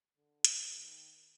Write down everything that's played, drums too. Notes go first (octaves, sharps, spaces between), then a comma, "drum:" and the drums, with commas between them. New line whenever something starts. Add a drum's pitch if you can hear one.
D3
drum: hi-hat
D#3